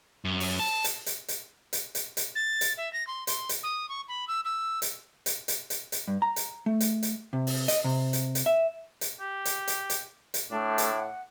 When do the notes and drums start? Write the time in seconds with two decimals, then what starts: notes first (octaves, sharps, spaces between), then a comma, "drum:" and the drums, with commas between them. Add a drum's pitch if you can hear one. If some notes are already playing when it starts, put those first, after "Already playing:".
0.25 F#2
0.40 drum: open hi-hat
0.59 A5
0.84 drum: hi-hat
1.06 drum: hi-hat
1.28 drum: hi-hat
1.73 drum: hi-hat
1.95 drum: hi-hat
2.17 drum: hi-hat
2.35 A6
2.61 drum: hi-hat
2.77 E5
2.93 A#6
3.07 C6
3.27 C6, drum: hi-hat
3.49 drum: hi-hat
3.63 D#6
3.89 C#6
4.08 B5
4.28 E6
4.45 E6
4.82 drum: hi-hat
5.26 drum: hi-hat
5.48 drum: hi-hat
5.70 drum: hi-hat
5.92 drum: hi-hat
6.08 G2
6.22 A#5
6.36 drum: hi-hat
6.66 A3
6.80 drum: hi-hat
7.03 drum: hi-hat
7.33 C3
7.47 drum: open hi-hat
7.68 D#5, drum: hi-hat
7.84 C3
8.13 drum: hi-hat
8.35 drum: hi-hat
8.46 E5
9.01 drum: hi-hat
9.20 G4
9.45 drum: hi-hat
9.68 drum: hi-hat
9.90 drum: hi-hat
10.34 drum: hi-hat
10.51 A2 A3 D4
10.78 drum: hi-hat
10.97 F#5